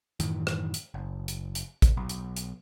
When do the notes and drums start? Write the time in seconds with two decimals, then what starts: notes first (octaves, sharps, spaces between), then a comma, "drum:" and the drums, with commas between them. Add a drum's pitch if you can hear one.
0.20 F#2 A2 D#3 E3, drum: hi-hat
0.47 drum: rim click
0.74 drum: hi-hat
0.94 F#1
1.28 drum: hi-hat
1.55 drum: hi-hat
1.82 drum: kick A1, hi-hat
1.97 B1
2.09 drum: hi-hat
2.37 drum: hi-hat